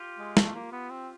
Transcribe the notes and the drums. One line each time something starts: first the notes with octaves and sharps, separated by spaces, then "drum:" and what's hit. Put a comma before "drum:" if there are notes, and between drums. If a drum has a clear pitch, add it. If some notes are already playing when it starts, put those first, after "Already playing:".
Already playing: F4 G4
G#3
A3, drum: snare
A#3
B3
C4